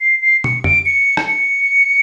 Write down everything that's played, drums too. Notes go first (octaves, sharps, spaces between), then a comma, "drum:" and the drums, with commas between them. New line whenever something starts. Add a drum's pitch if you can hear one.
C7
C7
C#7, drum: tom
D7, drum: tom F2
C#7
drum: rim click
C#7